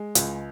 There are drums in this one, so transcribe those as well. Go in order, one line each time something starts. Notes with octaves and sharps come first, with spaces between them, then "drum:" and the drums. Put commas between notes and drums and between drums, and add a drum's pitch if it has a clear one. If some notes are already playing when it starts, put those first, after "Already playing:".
Already playing: G#3
C#2, drum: hi-hat